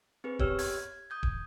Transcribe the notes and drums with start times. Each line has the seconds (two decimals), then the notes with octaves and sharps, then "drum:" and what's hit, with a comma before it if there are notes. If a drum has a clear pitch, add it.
0.24 C4 G#4 B4
0.39 B3 G4 C#5 E6 F6, drum: kick D#1
0.59 G#6, drum: open hi-hat
1.10 D#6 G6 G#6
1.23 drum: kick D#1